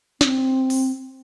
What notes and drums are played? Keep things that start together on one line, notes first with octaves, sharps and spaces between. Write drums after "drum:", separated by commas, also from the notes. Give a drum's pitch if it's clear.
C4, drum: snare
drum: open hi-hat